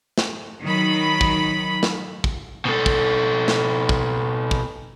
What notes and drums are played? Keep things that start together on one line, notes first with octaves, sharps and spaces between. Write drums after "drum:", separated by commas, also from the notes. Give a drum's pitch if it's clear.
drum: snare
D#3 F#3 B5
drum: kick
drum: snare
drum: kick
B2 A4
drum: kick
drum: snare
drum: kick
drum: kick